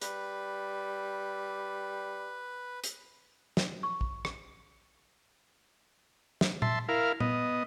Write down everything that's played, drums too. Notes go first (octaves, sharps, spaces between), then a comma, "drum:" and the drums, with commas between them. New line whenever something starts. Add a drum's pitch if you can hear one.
G3 B4, drum: hi-hat
drum: hi-hat
drum: snare
C#6
drum: kick
drum: rim click
drum: snare
E5 A5 C6, drum: tom A#2
E4 A#4 F5
B3 D#5, drum: tom A#2